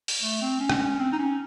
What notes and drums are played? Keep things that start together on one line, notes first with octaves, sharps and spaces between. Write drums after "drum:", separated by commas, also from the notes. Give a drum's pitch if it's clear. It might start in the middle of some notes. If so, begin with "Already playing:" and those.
drum: open hi-hat
A3
C4
C#4
drum: rim click
C4
D#4
C#4